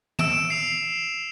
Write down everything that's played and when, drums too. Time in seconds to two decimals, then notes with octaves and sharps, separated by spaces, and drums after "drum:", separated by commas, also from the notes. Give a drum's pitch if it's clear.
0.19 E6 D7 E7, drum: tom
0.50 C7 F7